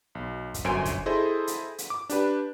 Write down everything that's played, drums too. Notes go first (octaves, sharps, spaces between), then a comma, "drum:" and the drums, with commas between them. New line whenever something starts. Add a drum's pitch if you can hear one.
B1
drum: kick, hi-hat
G1 F#2 C5 G#5 D7
drum: kick, hi-hat
E4 G#4 A4 C5 D#5
drum: hi-hat
drum: hi-hat
D6
D4 G4 B4, drum: hi-hat